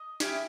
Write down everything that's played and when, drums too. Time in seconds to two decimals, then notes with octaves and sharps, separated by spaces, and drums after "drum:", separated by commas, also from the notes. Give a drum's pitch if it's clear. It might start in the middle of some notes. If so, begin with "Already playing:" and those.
Already playing: D#5
0.20 C#4 E4 G4, drum: snare